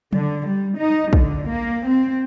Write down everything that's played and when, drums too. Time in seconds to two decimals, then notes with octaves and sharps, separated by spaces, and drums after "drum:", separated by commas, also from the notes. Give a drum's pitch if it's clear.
0.13 D3, drum: tom F#3
0.47 G3
0.77 D#4
1.13 D3, drum: kick
1.48 A#3
1.88 C4